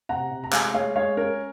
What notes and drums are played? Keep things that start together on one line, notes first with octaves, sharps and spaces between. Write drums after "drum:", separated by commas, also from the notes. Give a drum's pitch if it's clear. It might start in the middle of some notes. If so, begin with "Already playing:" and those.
C3 F#5 A#5
C3
A#5
G#3 F5 G#5, drum: clap
G#3 C#5 F5
G#3 C#5 F5
C#4 A#4 C#5